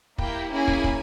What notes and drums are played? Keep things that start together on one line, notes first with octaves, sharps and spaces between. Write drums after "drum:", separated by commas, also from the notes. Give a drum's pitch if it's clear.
A#3 E4 G4 G5, drum: kick
A#3 C#4 E4 G#4 G#5
drum: kick
drum: kick